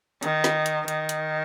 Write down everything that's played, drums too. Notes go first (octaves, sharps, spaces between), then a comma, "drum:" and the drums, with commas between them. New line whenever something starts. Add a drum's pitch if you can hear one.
D#3, drum: hi-hat
drum: snare
drum: hi-hat
D#3, drum: hi-hat
drum: hi-hat